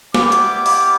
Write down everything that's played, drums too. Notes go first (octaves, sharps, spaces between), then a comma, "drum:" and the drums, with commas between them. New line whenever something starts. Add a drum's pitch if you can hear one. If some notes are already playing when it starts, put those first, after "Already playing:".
G3 B3 E4 G4 D6, drum: snare
drum: hi-hat
drum: open hi-hat